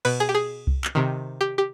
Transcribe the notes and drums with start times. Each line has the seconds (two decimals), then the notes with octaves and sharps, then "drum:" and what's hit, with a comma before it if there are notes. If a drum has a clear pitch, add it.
0.05 B2 B4, drum: cymbal
0.20 G#4
0.29 G4
0.35 G#4
0.67 drum: kick C2
0.84 drum: clap
0.95 C3 D#3
1.41 G4
1.58 G4